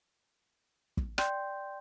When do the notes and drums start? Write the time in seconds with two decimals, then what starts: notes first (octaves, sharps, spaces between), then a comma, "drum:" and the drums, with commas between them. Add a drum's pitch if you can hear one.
0.97 drum: kick
1.18 D5 G5 C6 G6, drum: rim click